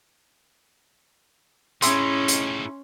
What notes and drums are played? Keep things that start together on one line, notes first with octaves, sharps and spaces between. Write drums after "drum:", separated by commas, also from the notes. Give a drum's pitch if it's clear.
A2 C#4 D#4 E4 G#4 C6, drum: hi-hat
drum: hi-hat